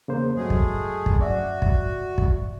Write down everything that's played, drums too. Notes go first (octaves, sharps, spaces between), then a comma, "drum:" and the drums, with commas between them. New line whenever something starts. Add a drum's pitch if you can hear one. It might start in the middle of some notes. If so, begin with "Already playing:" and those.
E2 C#3 A#3 C5
F#2 F#3 G#3 A3 G#4
drum: kick
drum: kick
F#2 F#4 D5 E5
drum: kick
drum: kick